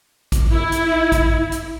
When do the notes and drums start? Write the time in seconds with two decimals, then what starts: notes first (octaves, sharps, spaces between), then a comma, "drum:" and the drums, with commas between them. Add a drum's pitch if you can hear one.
0.32 drum: kick A1, hi-hat
0.52 E4
0.72 drum: hi-hat
1.12 drum: kick A1, hi-hat
1.52 drum: hi-hat